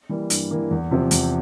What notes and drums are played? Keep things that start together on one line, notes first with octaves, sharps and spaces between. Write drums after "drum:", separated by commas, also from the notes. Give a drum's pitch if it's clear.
E3 G3 A#3
G2, drum: hi-hat
E3 G3 A#3
E2
C3 F3 C4
E2, drum: hi-hat